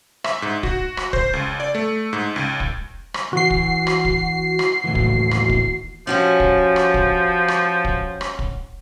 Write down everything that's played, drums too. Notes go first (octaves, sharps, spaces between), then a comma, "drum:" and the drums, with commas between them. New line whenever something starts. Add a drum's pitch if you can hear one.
E5, drum: rim click
G#2
F#4, drum: kick
drum: rim click
C5, drum: kick
C#2
D5
A3
G#2
C#2
drum: kick
drum: rim click
E3 F#4 C7
drum: kick
drum: rim click
drum: kick
drum: rim click
D#2 A2 E3
drum: kick
drum: rim click
drum: kick
F3 C#4 F#4 G4
drum: kick
drum: rim click
drum: kick
drum: rim click
drum: kick
drum: rim click
drum: kick